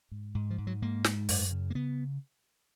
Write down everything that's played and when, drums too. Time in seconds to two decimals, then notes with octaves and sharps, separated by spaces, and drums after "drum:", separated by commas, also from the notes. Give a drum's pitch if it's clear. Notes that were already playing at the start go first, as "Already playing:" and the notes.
0.11 G#2
0.35 G#2
0.50 F3
0.58 G#2
0.67 F#3
0.82 G#2 A#3
1.04 G#2, drum: snare
1.29 F#2, drum: open hi-hat
1.51 C#3
1.70 A#3
1.75 C#3 B3